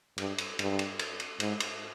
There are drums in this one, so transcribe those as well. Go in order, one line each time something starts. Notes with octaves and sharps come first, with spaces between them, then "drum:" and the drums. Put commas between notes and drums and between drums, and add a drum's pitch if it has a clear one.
G2, drum: cymbal
drum: cymbal
G2, drum: cymbal
drum: cymbal
drum: cymbal
drum: cymbal
G#2, drum: cymbal
drum: cymbal